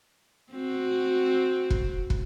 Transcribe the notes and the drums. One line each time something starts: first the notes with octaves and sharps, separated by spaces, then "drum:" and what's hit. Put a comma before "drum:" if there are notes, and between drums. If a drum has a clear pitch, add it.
C4 F#4
drum: kick
drum: kick